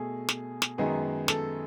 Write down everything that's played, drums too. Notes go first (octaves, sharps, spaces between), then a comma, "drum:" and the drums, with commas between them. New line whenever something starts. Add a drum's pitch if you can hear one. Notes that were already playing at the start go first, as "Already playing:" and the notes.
Already playing: B2 A3 G#4
drum: snare
drum: snare
F#2 D#3 G#3 B3 G#4
A4, drum: snare